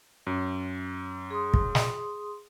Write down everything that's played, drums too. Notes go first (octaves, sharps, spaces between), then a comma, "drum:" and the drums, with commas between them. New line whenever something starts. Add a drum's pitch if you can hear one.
F#2
G#4 C6 D#6
drum: kick
drum: snare